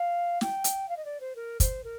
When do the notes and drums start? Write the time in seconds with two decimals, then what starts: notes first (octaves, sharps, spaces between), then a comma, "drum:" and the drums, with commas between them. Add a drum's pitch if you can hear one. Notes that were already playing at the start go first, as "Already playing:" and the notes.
Already playing: F5
0.41 G5, drum: snare
0.64 drum: hi-hat
0.88 F5
0.96 D#5
1.05 D5
1.20 C5
1.35 A#4
1.60 C5, drum: kick, hi-hat
1.83 A#4